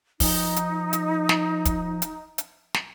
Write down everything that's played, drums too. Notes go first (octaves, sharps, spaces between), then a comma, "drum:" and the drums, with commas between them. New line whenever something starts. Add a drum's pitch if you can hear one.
F3 D#4, drum: kick, open hi-hat
drum: hi-hat
drum: hi-hat
drum: snare
drum: kick, hi-hat
drum: hi-hat
drum: hi-hat
drum: snare